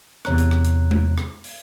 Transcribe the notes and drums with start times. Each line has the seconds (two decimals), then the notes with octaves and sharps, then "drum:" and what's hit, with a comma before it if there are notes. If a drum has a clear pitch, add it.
0.25 E2 C3 C#5 A#5 F#6, drum: rim click
0.38 drum: hi-hat
0.51 drum: rim click
0.65 drum: hi-hat
0.91 drum: tom G#3
1.18 drum: rim click
1.44 drum: open hi-hat